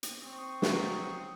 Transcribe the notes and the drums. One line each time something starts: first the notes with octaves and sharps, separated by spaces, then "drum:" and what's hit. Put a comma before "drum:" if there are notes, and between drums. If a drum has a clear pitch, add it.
drum: hi-hat
C4 C#6 D#6
F#3, drum: snare